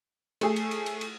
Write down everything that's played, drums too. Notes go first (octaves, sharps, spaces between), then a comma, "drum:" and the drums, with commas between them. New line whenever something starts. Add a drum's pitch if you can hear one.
A3 G#4, drum: cymbal
drum: cymbal
drum: cymbal
drum: cymbal
drum: cymbal